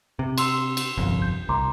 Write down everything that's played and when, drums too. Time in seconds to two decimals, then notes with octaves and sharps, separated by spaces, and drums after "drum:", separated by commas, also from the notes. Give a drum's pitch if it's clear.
0.19 C3
0.38 C6 E6, drum: cymbal
0.77 drum: cymbal
0.97 G1 C2 F2
1.22 G6
1.49 C2 A#5 C6 D6